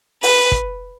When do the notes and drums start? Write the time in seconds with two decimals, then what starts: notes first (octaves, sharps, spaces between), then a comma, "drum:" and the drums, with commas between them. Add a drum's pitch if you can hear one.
0.23 B4, drum: open hi-hat
0.52 drum: kick